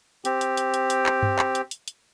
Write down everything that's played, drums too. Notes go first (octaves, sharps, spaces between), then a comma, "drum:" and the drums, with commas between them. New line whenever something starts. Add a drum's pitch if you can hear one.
C4 G4, drum: hi-hat
drum: hi-hat
drum: hi-hat
drum: hi-hat
drum: hi-hat
drum: clap
drum: tom G2
drum: clap
drum: hi-hat
drum: hi-hat
drum: hi-hat